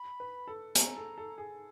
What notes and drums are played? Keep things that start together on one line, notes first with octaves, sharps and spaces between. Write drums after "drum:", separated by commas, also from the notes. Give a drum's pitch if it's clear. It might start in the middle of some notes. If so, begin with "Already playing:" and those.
Already playing: B5
B4
A4
G#4 A#5, drum: hi-hat
A4
A4
G#4